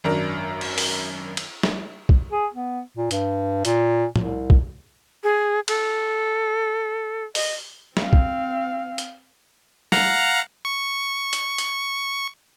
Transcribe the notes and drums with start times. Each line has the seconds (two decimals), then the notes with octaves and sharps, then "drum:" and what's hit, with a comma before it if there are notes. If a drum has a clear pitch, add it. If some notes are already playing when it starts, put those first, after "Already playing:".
0.04 G#1 F#2 D4 A#4
0.61 drum: cymbal
0.78 drum: open hi-hat
1.37 drum: cymbal
1.63 drum: snare
2.09 drum: kick
2.32 G#4
2.53 B3
2.97 A#2
3.11 G2, drum: hi-hat
3.65 A#2, drum: hi-hat
4.16 C2, drum: tom A2
4.50 drum: kick
5.23 G#4
5.68 A4, drum: cymbal
7.35 D#5, drum: open hi-hat
7.97 C4 F5, drum: snare
8.13 drum: kick
8.98 drum: hi-hat
9.92 F5 F#5 A#5, drum: snare
10.65 C#6
11.33 drum: hi-hat
11.58 drum: hi-hat